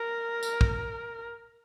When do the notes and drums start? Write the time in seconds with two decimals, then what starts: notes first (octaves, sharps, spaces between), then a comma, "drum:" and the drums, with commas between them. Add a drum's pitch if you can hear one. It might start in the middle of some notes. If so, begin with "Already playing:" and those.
Already playing: A#4
0.43 drum: tambourine
0.61 drum: kick